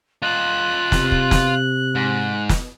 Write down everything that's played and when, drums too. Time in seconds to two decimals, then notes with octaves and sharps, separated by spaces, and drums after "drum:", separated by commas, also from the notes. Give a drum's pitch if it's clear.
0.22 F4 D#5 F#6
0.92 C3, drum: snare
1.12 drum: kick
1.31 drum: snare
1.95 G#2
2.49 drum: snare